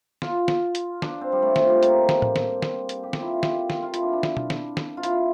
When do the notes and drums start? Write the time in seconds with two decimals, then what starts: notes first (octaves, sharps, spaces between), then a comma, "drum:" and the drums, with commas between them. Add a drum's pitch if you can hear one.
0.22 F4, drum: snare
0.48 drum: snare
0.75 drum: hi-hat
1.02 D4, drum: snare
1.21 C4
1.32 G3
1.42 A3
1.56 F3, drum: snare
1.69 G3
1.76 C4
1.83 A#3, drum: hi-hat
2.09 drum: snare
2.22 drum: tom
2.36 drum: snare
2.62 drum: snare
2.89 drum: hi-hat
3.03 G4
3.13 F4, drum: snare
3.22 E4
3.33 F4
3.43 G4, drum: snare
3.70 drum: snare
3.82 F4
3.94 E4, drum: hi-hat
4.03 D4
4.13 D4
4.23 drum: snare
4.37 drum: tom B2
4.50 drum: snare
4.77 drum: snare
4.97 F4
5.03 E4, drum: hi-hat